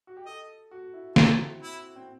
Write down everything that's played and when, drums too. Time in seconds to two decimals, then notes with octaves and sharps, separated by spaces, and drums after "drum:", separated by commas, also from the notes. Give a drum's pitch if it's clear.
0.07 F#4
0.17 G4
0.26 A4 D#5
0.71 F#4
0.94 E4
1.16 C4 A4, drum: snare
1.62 E4
1.96 C4